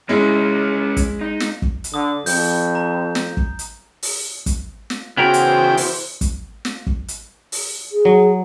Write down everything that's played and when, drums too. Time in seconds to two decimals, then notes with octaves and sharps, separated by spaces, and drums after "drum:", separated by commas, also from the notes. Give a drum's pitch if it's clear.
0.09 G#3 C#4 E4 F4
0.97 drum: kick, hi-hat
1.21 D#4
1.40 drum: snare
1.62 drum: kick
1.84 drum: hi-hat
1.94 D3 D#6
2.26 F2 G6, drum: open hi-hat
2.75 A#5
3.15 drum: snare
3.37 drum: kick
3.59 drum: hi-hat
4.03 drum: open hi-hat
4.46 drum: kick, hi-hat
4.90 drum: snare
5.17 C#3 E3 B3 E4 F#4 A#4 C5 G5
5.34 drum: hi-hat
5.77 drum: open hi-hat
6.21 drum: kick, hi-hat
6.65 drum: snare
6.87 drum: kick
7.08 drum: hi-hat
7.52 drum: open hi-hat
7.92 G#4
8.05 F#3